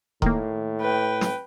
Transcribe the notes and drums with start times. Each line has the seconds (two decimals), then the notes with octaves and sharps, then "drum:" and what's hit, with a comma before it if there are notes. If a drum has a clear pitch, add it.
0.22 A2 D#3 A#3, drum: kick D#1
0.81 B4 G5
1.21 drum: snare